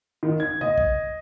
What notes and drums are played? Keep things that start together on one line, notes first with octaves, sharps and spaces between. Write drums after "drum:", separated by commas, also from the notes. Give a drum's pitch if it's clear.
D#3
G#6
D#5, drum: tom C#3
drum: kick